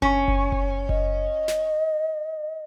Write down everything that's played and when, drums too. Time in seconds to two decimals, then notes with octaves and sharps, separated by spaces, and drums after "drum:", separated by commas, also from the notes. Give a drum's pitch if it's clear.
0.02 C#4, drum: kick F#1
0.28 drum: kick F#1
0.52 drum: kick F#1
0.89 D#5, drum: kick F#1
1.48 drum: snare